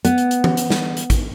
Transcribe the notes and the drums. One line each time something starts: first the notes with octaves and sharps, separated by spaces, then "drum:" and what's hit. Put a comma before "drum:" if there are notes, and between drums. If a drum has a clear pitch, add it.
B3, drum: hi-hat
drum: hi-hat
drum: hi-hat
drum: tom E3
drum: hi-hat
drum: snare
drum: hi-hat
drum: kick A1, hi-hat